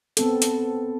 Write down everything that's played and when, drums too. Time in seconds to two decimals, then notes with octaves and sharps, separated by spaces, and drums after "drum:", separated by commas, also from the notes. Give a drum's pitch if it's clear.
0.17 B3 C4 A4, drum: hi-hat
0.42 drum: hi-hat